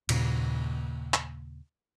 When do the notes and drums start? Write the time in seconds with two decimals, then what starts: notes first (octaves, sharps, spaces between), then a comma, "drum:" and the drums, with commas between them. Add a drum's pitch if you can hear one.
0.09 D#2 A#2 C#3, drum: cymbal
1.14 drum: clap